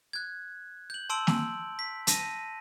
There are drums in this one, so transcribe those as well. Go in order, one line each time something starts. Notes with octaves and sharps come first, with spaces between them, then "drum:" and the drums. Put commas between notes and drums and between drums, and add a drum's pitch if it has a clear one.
F#6 G#6
G6 F#7
A5 C6 E6 D7 F#7
drum: snare
B6
A5 A#6 D#7, drum: hi-hat